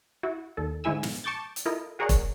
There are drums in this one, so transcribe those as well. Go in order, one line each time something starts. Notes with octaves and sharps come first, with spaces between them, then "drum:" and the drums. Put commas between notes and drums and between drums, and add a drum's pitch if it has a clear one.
E4 F#4
D#2 A4
G#2 D3 G#3 E4 G#5 E6
drum: snare
A5 C#6 D6 G6 A6
drum: hi-hat
E4 F4 A4 A#4 D#5
F#4 G#4 A#4 C#5 D5 F#5
drum: kick E1, hi-hat